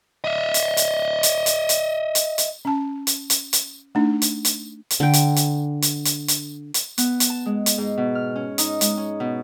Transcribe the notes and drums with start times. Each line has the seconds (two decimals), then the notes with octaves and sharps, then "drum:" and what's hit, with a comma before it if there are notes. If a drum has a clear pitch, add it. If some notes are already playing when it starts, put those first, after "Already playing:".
0.24 D#5 E5
0.54 drum: hi-hat
0.77 drum: hi-hat
1.23 drum: hi-hat
1.46 drum: hi-hat
1.69 drum: hi-hat
2.15 drum: hi-hat
2.38 drum: hi-hat
2.65 C#4 A5
3.07 drum: hi-hat
3.30 drum: hi-hat
3.53 drum: hi-hat
3.95 A3 D4 D#4
4.22 drum: hi-hat
4.45 drum: hi-hat
4.90 drum: hi-hat
5.00 D3 G5
5.13 drum: hi-hat
5.36 drum: hi-hat
5.82 drum: hi-hat
6.05 drum: hi-hat
6.28 drum: hi-hat
6.74 drum: hi-hat
6.98 B3, drum: hi-hat
7.20 drum: hi-hat
7.30 A5
7.46 G#3
7.66 drum: hi-hat
7.78 G#2
7.97 B2
8.15 F6
8.36 C#4
8.58 D#4, drum: hi-hat
8.81 G#3, drum: hi-hat
8.97 C#4
9.20 B2